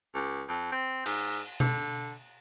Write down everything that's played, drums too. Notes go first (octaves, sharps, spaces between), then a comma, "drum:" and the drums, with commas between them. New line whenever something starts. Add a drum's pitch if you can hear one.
C#2
F2
C4
G#2, drum: cymbal
D3, drum: tom B2